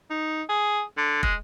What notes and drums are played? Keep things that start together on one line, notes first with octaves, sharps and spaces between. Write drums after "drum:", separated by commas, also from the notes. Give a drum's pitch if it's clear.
D#4
G#4
D3
G#3, drum: kick